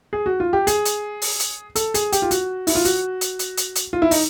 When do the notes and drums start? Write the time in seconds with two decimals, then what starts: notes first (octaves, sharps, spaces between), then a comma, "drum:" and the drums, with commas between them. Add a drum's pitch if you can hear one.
0.13 G#4
0.26 F#4
0.40 F4
0.53 G4
0.67 G#4, drum: hi-hat
0.85 drum: hi-hat
1.22 drum: open hi-hat
1.40 drum: hi-hat
1.76 A4, drum: hi-hat
1.94 G#4, drum: hi-hat
2.12 G4, drum: hi-hat
2.22 F4
2.31 F#4, drum: hi-hat
2.67 E4, drum: open hi-hat
2.75 F4
2.85 F#4, drum: hi-hat
3.21 drum: hi-hat
3.39 drum: hi-hat
3.57 drum: hi-hat
3.75 drum: hi-hat
3.93 F4
4.02 E4
4.11 D#4, drum: open hi-hat